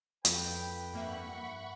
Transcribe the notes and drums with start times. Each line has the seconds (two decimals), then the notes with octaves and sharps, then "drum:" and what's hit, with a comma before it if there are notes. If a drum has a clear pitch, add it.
0.25 F2 B4 G5, drum: hi-hat
0.93 G2 A#3 E5 F#5 B5 C#6